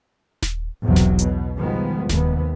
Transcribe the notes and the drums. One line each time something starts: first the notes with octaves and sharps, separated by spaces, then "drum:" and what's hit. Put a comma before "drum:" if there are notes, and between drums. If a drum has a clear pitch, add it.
drum: snare D#1
B1 E2 C3 F#3
drum: snare D#1
B2, drum: hi-hat
D#3 F3 G3 G#3 B3
D#2 C3 B3, drum: snare D#1